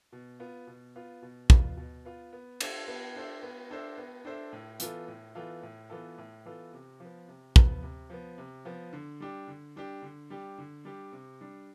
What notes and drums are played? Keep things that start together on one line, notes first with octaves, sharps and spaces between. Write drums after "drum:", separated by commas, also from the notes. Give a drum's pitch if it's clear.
B2
B3 F4
B2
B3 F4
B2
B3 F4, drum: kick
B2
B3 F4
B3
D4 A4 C5 E5, drum: cymbal
B3
D4 A4 C5 E5
B3
D4 A4 C5 E5
B3
D4 A4 C5 E5
A2
E3 B3 F4 A4, drum: hi-hat
A2
E3 B3 F4 A4
A2
E3 B3 F4 A4
A2
E3 B3 F4 A4
C3
F3 B3
C3
F3 B3, drum: kick
C3
F3 B3
C3
F3 B3
D3
G3 D4 G4
D3
G3 D4 G4
D3
G3 D4 G4
D3
G3 D4 G4
C3
G3 D4